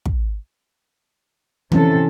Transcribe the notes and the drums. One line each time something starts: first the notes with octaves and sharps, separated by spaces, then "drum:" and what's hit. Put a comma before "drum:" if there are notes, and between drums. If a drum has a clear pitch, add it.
drum: kick
C3 E3 C#4 A4, drum: tom